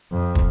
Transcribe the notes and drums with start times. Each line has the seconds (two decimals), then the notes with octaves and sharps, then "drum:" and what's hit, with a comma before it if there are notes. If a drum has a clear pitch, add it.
0.12 F2
0.35 drum: kick